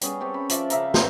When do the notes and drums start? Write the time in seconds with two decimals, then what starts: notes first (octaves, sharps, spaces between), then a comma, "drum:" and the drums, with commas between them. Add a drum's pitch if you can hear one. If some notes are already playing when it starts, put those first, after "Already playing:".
0.01 G3 B3 C#4 G#4, drum: hi-hat
0.20 C4 C#4 G4 A4
0.34 B5
0.49 F3 D5 E5, drum: hi-hat
0.70 C#3 E5 F5 A#5, drum: hi-hat
0.94 C5 A#5, drum: snare